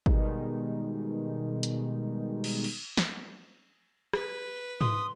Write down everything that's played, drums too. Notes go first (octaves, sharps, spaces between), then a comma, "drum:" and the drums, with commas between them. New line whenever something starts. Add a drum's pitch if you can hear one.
B2 D#3 G3 G#3 D#4, drum: kick
drum: hi-hat
drum: cymbal
drum: cymbal
drum: snare
B4, drum: rim click
C6 D#6, drum: tom G#2